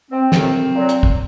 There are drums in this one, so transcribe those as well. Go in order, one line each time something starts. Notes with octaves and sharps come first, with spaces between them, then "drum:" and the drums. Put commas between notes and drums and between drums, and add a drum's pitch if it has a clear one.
C4
F2 C3 D#3 F#3 C4, drum: snare
A#2 F#3
drum: hi-hat
drum: kick